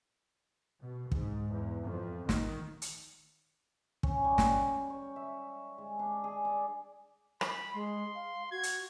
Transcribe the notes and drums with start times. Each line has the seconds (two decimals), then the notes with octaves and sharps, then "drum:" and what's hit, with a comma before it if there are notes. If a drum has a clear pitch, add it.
0.81 B2
1.12 G#2, drum: kick
1.50 E2
1.85 F2
2.29 D#3, drum: snare
2.82 drum: hi-hat
4.03 C#4, drum: kick
4.25 G3
4.38 G3, drum: snare
4.90 C#5
5.16 E5
5.78 G#3
5.99 D4
6.24 G#4
6.45 D5
7.41 B5, drum: rim click
7.74 G#3 C6
8.15 F5
8.51 F#4 G#6
8.63 drum: hi-hat